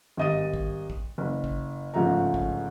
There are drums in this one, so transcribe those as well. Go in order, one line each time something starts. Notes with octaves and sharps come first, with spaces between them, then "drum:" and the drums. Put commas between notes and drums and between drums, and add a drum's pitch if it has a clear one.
G#1 G3 D#5 A6 D#7
drum: kick
drum: kick
F#1
drum: kick
G1 G#2 C#3 F3 A3 A#5
drum: kick